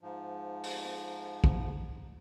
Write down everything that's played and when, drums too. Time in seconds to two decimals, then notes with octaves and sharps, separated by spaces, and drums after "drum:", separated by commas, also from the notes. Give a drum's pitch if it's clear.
0.01 G#2 F3
0.64 drum: open hi-hat
1.44 drum: kick